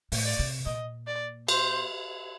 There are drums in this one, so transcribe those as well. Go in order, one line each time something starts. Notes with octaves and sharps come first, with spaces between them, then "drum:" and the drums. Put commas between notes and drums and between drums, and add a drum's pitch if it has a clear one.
A2, drum: open hi-hat
D5
C3
A#2 D#5
D5
C5, drum: cymbal